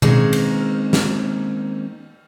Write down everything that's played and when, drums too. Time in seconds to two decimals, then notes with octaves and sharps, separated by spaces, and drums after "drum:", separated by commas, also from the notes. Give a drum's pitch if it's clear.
0.02 D#3 G#3 A#3 C4 C#4, drum: tom B2
0.33 drum: cymbal
0.93 drum: snare